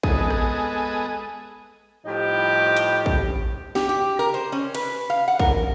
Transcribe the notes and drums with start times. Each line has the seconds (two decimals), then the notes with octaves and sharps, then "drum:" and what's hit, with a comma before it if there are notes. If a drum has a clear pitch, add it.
0.03 G#3 B3 G#4 A4 D#5, drum: kick
0.30 drum: rim click
2.06 A2 F3 G3 D#4 G4
2.77 drum: hi-hat
3.06 drum: kick
3.75 G4, drum: snare
3.89 G4
4.19 A#4
4.34 C5
4.52 C#4
4.75 B4, drum: cymbal
5.10 F5
5.28 F#5
5.40 A#4, drum: kick